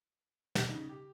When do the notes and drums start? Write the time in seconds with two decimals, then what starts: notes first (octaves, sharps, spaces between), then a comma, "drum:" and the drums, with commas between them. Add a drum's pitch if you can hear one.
0.55 B2 G3 D4, drum: snare
0.68 C#3 D#4
0.89 G4